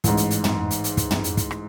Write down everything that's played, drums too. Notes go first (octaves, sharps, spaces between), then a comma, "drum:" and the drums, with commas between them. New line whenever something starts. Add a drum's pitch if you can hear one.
A1 G#2, drum: kick, hi-hat
drum: hi-hat
drum: hi-hat
drum: tom
drum: hi-hat
drum: hi-hat
drum: kick, hi-hat
drum: tom
drum: hi-hat
drum: kick, hi-hat
drum: rim click